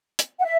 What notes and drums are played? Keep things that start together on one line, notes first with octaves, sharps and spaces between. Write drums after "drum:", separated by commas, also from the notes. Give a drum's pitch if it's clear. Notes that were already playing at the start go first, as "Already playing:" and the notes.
drum: hi-hat
F#5
E5